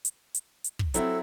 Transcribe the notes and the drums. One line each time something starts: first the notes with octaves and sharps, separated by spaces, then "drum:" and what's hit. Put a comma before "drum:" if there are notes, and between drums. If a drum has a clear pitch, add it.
drum: hi-hat
drum: hi-hat
drum: hi-hat
drum: kick
F#3 C4 E4 A4, drum: hi-hat